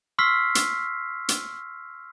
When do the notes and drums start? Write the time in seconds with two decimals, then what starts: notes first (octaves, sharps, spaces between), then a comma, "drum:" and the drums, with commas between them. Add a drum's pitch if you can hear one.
0.18 C6 C#6 E6 F6 B6 C7
0.55 drum: hi-hat
1.29 drum: hi-hat